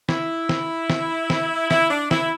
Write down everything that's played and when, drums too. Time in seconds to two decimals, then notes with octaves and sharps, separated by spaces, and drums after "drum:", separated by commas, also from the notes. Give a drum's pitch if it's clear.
0.09 E4, drum: snare
0.49 drum: snare
0.90 drum: snare
1.30 drum: snare
1.71 E4, drum: snare
1.91 D4
2.11 E4, drum: snare